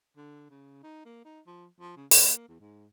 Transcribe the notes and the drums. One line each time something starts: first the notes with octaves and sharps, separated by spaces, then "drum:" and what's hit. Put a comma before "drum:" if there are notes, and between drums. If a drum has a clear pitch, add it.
D3
C#3
D#4
A#3
D#4
F3
F3
C#3
A#3, drum: open hi-hat
E2
G#2